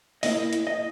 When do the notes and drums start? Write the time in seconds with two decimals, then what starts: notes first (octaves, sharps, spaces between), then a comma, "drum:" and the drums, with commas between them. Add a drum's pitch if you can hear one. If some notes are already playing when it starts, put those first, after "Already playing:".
0.23 A#2 A#3 E4 D#5, drum: open hi-hat
0.53 drum: hi-hat
0.67 D#5